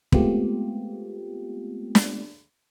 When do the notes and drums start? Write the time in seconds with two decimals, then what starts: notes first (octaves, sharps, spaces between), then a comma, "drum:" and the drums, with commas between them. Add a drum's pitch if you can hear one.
0.12 G#3 A3 B3 C4 F4 G4, drum: kick
1.95 drum: snare